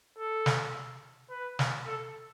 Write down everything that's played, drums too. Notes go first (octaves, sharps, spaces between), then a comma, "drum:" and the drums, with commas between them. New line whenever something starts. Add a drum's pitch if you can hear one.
A4
drum: snare
B4
drum: snare
A4